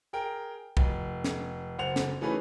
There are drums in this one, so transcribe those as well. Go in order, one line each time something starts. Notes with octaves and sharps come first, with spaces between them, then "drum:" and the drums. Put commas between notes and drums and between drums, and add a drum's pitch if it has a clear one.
G#4 A#4 G5
F1, drum: kick
drum: snare
F#1 C5 F#5 F7
drum: snare
E3 A3 C#4 D#4 G#4 B4